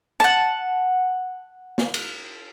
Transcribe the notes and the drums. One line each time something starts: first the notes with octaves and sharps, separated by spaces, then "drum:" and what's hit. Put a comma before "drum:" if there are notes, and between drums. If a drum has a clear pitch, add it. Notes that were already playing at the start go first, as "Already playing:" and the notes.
F#5 A5, drum: rim click
drum: snare
drum: cymbal